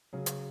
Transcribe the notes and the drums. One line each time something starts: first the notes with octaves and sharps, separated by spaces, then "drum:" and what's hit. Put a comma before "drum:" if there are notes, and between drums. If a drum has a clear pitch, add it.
C#3 F#3 C#4 G#4
drum: hi-hat